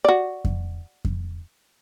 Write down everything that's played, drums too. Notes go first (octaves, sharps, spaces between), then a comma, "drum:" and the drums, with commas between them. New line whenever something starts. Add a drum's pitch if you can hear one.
F#4 D5
drum: kick F2
drum: kick F2